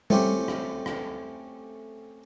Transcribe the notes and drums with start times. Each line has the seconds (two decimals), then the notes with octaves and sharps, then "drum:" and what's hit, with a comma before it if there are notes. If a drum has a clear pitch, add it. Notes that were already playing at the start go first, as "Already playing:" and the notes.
0.10 A3 C4 C#4 G4, drum: tom G3
0.48 drum: rim click
0.86 drum: rim click